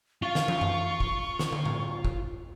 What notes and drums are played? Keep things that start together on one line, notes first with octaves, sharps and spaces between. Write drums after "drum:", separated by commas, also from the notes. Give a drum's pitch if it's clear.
F4 F5 C#6
drum: snare
drum: tom
drum: tom
drum: kick
drum: snare
drum: tom
drum: tom A2
drum: kick